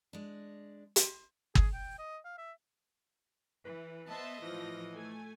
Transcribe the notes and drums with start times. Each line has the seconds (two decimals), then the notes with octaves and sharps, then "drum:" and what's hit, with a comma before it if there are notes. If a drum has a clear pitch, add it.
0.13 G#3 D4
0.96 drum: hi-hat
1.55 G#4, drum: kick
1.74 G5
1.99 D#5
2.25 F5
2.38 E5
3.66 E3 B4
4.09 B3 C5 D#5 E5 A5
4.43 A2 E3 F3 A#6
4.93 A3 G#5